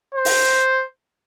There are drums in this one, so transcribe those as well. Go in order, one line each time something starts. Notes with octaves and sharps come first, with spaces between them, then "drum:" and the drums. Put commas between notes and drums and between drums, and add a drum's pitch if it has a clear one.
C5
drum: open hi-hat